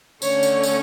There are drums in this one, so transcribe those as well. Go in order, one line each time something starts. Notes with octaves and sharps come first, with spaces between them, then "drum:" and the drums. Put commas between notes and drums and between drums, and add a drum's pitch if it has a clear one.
D3 A3 C#4 C#5, drum: tambourine
drum: tambourine
drum: tambourine